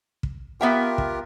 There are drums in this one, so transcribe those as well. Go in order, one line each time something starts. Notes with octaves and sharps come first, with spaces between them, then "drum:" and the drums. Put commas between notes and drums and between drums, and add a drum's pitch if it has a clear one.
drum: kick
B3 F4 G4 A#4 E5 G5
drum: kick